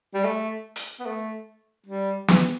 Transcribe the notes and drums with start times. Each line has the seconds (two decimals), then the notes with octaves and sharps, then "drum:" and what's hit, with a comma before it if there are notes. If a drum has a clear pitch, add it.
0.14 G3
0.24 A3
0.76 drum: hi-hat
1.00 B3
1.06 A3
1.87 G3
2.28 drum: snare